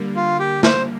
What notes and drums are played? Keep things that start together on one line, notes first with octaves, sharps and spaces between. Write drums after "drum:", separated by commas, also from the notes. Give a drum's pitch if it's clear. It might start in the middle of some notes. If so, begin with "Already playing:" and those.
Already playing: D3 G3 A#3
F4
G4
C5, drum: snare